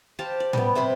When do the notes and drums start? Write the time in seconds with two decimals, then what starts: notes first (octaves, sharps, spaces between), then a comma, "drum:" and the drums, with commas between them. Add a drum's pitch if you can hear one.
0.19 G4 C5 F5 A5
0.40 D5
0.53 G3 B3, drum: tom A2
0.75 C3 C5 B5 C6